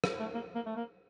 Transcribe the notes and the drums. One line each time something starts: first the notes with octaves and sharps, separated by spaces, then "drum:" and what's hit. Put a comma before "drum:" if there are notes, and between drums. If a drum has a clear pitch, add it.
drum: rim click
A3
A#3
A#3
A3
A#3